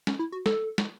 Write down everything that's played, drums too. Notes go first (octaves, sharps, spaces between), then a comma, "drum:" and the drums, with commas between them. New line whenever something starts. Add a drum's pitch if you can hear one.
C#4, drum: snare
E4
F#4
A4, drum: snare
drum: snare